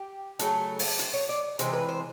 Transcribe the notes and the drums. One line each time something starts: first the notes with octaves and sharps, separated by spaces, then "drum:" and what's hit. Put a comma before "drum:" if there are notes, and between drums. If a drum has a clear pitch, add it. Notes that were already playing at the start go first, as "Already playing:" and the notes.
Already playing: G4
C#3 F#3 A3, drum: hi-hat
drum: open hi-hat
C5, drum: hi-hat
C#5
D5
C3 E3 G#3 C5, drum: hi-hat
B4
C5